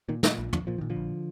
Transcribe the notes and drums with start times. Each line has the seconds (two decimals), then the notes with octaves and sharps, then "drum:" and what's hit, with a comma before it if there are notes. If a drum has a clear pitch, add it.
0.09 A#2 D#3
0.23 A#2 D#3, drum: snare
0.38 A#1
0.53 A#1 D3 F3, drum: tom
0.67 A#2 F3
0.78 A#2 D#3
0.90 D3 F3
0.96 A#1